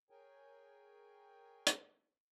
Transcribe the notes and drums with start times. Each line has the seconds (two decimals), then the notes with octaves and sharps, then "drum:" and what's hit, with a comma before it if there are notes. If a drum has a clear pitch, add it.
0.10 G#4 A#4 C#5 G5 G#5
1.67 drum: hi-hat